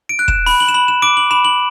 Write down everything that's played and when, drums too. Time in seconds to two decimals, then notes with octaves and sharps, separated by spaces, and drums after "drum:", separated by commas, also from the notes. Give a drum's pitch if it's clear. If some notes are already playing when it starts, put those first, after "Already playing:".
0.09 D7
0.19 F#6
0.28 E7, drum: kick
0.46 B5, drum: open hi-hat
0.60 F#7
0.69 E7
0.74 B5 F#7
0.88 E7
1.02 D6 D7
1.17 F#7
1.31 B5 E7
1.45 F#7